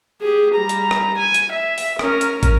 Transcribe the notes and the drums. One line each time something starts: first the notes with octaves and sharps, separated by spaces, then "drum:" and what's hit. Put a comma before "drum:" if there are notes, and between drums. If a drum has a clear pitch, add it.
G4 G#4
G3 A#5
drum: hi-hat
drum: rim click
G#5
drum: hi-hat
E5
drum: open hi-hat
C#4 A#4, drum: rim click
drum: hi-hat
drum: kick, hi-hat